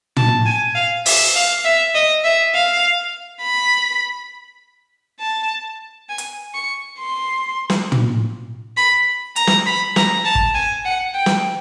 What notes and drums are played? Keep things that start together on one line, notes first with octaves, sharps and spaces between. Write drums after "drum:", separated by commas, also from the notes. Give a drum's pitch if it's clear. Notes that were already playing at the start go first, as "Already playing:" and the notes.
A5, drum: tom
G#5
F5
E5, drum: open hi-hat
F5
E5
D#5
E5
F5
B5
A5
G#5
drum: hi-hat
C#6
C6
drum: snare
drum: tom
B5
A#5, drum: hi-hat
drum: snare
B5
A#5, drum: snare
A5
drum: kick
G#5
F#5
G5
drum: snare